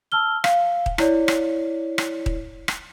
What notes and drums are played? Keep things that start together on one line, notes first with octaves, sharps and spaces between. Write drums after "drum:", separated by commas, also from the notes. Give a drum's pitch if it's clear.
A5 E6 F6 G7
F5, drum: rim click
drum: kick D#1
E4 C#5 D5, drum: rim click
drum: rim click
drum: rim click
drum: kick D#1
drum: rim click